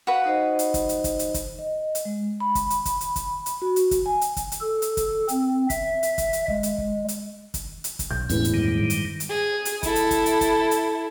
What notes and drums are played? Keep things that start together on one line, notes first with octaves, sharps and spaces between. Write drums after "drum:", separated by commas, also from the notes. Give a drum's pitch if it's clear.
F#4 B4 F5
D#4 C5 D#5
drum: hi-hat
drum: kick, hi-hat
drum: hi-hat
drum: kick, hi-hat
drum: hi-hat
drum: kick, hi-hat
D#5
drum: hi-hat
G#3
B5
drum: kick, hi-hat
drum: hi-hat
drum: kick, hi-hat
drum: hi-hat
drum: kick, hi-hat
drum: hi-hat
F#4
drum: hi-hat
drum: kick, hi-hat
G#5
drum: hi-hat
drum: kick, hi-hat
drum: hi-hat
A4
drum: hi-hat
drum: kick, hi-hat
C4, drum: hi-hat
E5, drum: kick, hi-hat
drum: hi-hat
drum: kick, hi-hat
drum: hi-hat
G#3, drum: kick
drum: hi-hat
drum: kick
drum: hi-hat
drum: kick, hi-hat
drum: hi-hat
drum: kick, hi-hat
B1 G6
E2 A2 G#3 C#4 E4 B4, drum: kick, hi-hat
drum: hi-hat
G2 D#3 G3
G#2
drum: hi-hat
drum: hi-hat
G#4
drum: hi-hat
E4 A4, drum: kick, hi-hat
drum: hi-hat
drum: kick, hi-hat
drum: hi-hat
drum: kick, hi-hat
drum: hi-hat